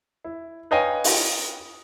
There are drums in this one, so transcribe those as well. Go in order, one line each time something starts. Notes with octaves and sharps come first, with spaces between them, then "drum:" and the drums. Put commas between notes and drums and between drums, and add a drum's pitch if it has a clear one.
E4
B4 C#5 D#5 F5 G5 G#5
drum: open hi-hat